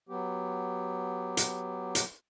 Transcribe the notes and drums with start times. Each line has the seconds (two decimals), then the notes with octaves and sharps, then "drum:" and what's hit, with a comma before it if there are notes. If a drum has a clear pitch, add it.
0.09 F#3 B3 G4
1.37 drum: hi-hat
1.95 drum: hi-hat